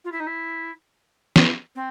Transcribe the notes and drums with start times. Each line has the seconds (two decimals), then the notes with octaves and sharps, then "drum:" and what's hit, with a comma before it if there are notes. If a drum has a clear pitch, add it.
0.05 F4
0.12 E4
0.20 D#4
0.27 E4
1.36 drum: snare
1.75 C4